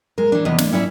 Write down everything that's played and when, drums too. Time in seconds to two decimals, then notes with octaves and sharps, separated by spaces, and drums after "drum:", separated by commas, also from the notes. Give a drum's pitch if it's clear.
0.18 G#3 A#4
0.32 E3 D4
0.45 E2 C3 B3 D#5
0.58 D4, drum: snare
0.72 F#2 C#4 E4 D5 E5